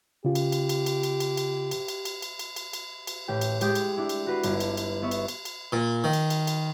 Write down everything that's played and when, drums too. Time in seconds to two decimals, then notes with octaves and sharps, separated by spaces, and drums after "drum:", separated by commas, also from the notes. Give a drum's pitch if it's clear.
0.25 C#3 F4 G4
0.35 drum: cymbal
0.52 drum: cymbal
0.69 drum: cymbal
0.86 drum: cymbal
1.03 drum: cymbal
1.20 drum: cymbal
1.37 drum: cymbal
1.71 drum: cymbal
1.88 drum: cymbal
2.05 drum: cymbal
2.22 drum: cymbal
2.39 drum: cymbal
2.56 drum: cymbal
2.73 drum: cymbal
3.07 drum: cymbal
3.28 A1 G4 G5
3.41 drum: cymbal
3.61 G#3 G4 G5 D#6 G6, drum: cymbal
3.75 drum: cymbal
3.97 D4 E4
4.09 drum: cymbal
4.26 F#4 B4 C7
4.44 G1, drum: cymbal
4.60 drum: cymbal
4.77 drum: cymbal
5.02 B3 E5 C#6 E7
5.11 drum: cymbal
5.28 drum: cymbal
5.45 drum: cymbal
5.72 A#2
6.04 D#3
6.13 drum: cymbal
6.30 drum: cymbal
6.47 drum: cymbal